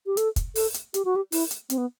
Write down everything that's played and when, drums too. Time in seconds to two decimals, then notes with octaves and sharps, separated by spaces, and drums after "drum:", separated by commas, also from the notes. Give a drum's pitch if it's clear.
0.06 G4
0.17 A4, drum: hi-hat
0.36 drum: kick, hi-hat
0.55 A4, drum: open hi-hat
0.74 drum: hi-hat
0.94 G4, drum: hi-hat
1.05 F#4
1.16 G4
1.32 E4, drum: open hi-hat
1.51 drum: hi-hat
1.70 C4, drum: hi-hat
1.78 B3